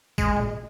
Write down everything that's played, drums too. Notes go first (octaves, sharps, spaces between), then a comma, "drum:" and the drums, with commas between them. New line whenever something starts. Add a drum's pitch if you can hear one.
G#3, drum: kick G#1, tambourine
drum: tom A2